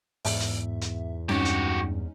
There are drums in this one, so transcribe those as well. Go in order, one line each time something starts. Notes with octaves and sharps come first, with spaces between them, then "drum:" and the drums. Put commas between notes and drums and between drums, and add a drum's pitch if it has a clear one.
E2 G#2 E5, drum: open hi-hat
drum: hi-hat
drum: hi-hat
G2 G#3 C#4 D#4 F#4 G4, drum: snare C4
drum: hi-hat